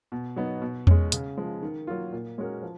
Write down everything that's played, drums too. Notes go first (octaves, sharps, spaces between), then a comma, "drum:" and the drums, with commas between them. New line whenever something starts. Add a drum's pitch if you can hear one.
B2
F#3 B3 D#4
B2
G#3 C#4, drum: tom E2
C#3, drum: hi-hat
F3 G#3
D#3
F#3 A#3 F4
A#2
G#3 C#4 F#4 A#4
F3